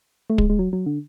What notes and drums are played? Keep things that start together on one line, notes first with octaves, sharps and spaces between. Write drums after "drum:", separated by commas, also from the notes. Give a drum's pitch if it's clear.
A3
G#3, drum: kick
G#3
F#3
F#3
D3